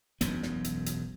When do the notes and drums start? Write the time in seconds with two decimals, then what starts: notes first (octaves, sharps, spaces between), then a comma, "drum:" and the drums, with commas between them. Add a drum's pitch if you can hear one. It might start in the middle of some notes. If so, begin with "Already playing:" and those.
0.21 E1 B1 F#2 B3, drum: hi-hat
0.43 drum: snare
0.64 drum: hi-hat
0.86 drum: hi-hat